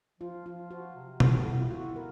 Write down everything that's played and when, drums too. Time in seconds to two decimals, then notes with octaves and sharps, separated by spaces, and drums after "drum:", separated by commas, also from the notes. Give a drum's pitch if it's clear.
0.20 F3 F4
0.45 F3 F4
0.70 F3 F#4
0.95 C3
1.20 G4 A4, drum: tom B2
1.34 F#4
1.45 B3 E4
1.58 F4
1.71 E4 F#4
1.96 B3 A#4